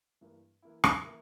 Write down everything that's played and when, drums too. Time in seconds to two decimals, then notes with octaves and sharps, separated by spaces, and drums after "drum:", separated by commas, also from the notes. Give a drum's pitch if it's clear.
0.21 G2 E3 A#3 D4
0.62 E3 A#3 E4
0.84 drum: rim click
1.04 E3 A#3 E4